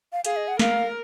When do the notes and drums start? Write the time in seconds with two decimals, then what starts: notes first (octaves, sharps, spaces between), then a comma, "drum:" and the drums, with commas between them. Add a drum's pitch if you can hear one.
0.12 F5
0.25 G#4 F5, drum: hi-hat
0.36 D#5
0.48 F#5
0.59 A#4 F5, drum: snare